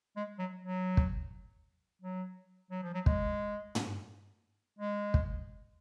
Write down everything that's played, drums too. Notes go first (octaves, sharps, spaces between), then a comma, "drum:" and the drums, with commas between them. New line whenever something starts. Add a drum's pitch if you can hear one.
G#3
F#3
F#3
drum: kick
F#3
F#3
F3
F#3
G#3, drum: kick
drum: tom
G#3
drum: kick